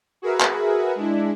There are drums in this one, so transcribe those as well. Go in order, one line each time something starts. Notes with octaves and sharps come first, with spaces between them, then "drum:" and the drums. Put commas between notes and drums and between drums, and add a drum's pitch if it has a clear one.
F#4 G#4 A#4 B4 E5
drum: clap
G#3 D4 E4